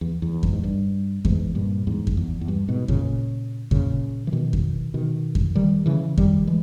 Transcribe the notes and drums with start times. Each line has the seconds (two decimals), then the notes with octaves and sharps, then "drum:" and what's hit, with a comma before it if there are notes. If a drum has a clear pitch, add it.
0.01 E2
0.22 E2
0.43 drum: kick F2
0.53 G#2
0.64 G2
1.25 E2 G#2, drum: kick F2
1.55 G2 A#2
1.87 E2 G#2
2.07 drum: kick F2
2.17 E2
2.41 E2
2.48 G2
2.68 G#2 B2
2.88 A#2 C#3, drum: kick F2
3.71 A#2 C#3, drum: kick F2
4.27 E3
4.32 B2 D#3
4.53 drum: kick F2
4.94 B2 D#3
5.35 drum: kick F2
5.55 D#3 G3
5.86 C#3 E3
6.18 D#3 G3, drum: kick F2
6.47 E3 G#3